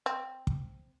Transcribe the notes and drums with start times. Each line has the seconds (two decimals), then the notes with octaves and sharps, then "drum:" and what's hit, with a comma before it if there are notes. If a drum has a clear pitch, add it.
0.06 C4
0.47 drum: kick